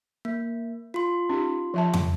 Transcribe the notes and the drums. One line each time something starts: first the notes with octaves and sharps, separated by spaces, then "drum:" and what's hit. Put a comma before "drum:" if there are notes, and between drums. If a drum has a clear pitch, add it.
A#3
F4 C6
C#4 D#4 G4
F3 E5 A5
drum: tom